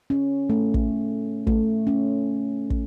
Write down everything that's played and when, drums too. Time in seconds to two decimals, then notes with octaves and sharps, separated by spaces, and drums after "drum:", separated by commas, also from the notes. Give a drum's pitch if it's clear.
0.10 C#4
0.50 A3
0.74 drum: kick
1.47 A3, drum: kick
1.87 C#4
2.70 drum: kick